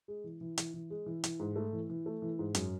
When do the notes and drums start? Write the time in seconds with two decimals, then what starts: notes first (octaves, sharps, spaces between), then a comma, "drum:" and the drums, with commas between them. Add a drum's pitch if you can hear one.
0.08 G#3
0.24 E3
0.41 E3
0.58 E3, drum: hi-hat
0.74 E3
0.90 G#3
1.06 E3
1.24 E3, drum: hi-hat
1.40 G#2
1.56 A3
1.73 E3
1.90 E3
2.06 A3
2.22 E3
2.39 G#2
2.55 F#2, drum: hi-hat